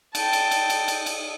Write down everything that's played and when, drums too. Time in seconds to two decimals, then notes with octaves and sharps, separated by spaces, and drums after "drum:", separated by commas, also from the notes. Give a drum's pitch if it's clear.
0.15 G5 A5, drum: cymbal
0.33 drum: cymbal
0.51 drum: cymbal
0.70 drum: cymbal
0.88 drum: cymbal
1.06 drum: cymbal